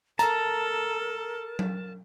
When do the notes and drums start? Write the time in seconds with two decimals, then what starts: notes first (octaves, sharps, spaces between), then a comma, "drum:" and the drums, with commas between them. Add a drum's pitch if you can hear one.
0.19 A4 A#4 A5 A#5, drum: hi-hat
1.59 drum: tom F#3